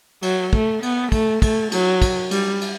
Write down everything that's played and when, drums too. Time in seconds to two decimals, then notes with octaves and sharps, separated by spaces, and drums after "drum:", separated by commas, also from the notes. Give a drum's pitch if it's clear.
0.22 F#3, drum: cymbal
0.53 A3, drum: kick
0.83 B3, drum: cymbal
1.12 A3, drum: kick, cymbal
1.42 A3, drum: kick, cymbal
1.72 F#3, drum: cymbal
2.02 drum: kick, cymbal
2.31 G3, drum: cymbal
2.61 drum: cymbal